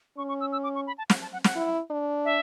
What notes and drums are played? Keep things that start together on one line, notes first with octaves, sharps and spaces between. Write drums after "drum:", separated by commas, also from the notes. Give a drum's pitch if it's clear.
C#4 C#6
C#6
E6
E6
D6
C#6
B5
A5
F#5, drum: snare
A5
F#5
F#5, drum: snare
E4
D4
E5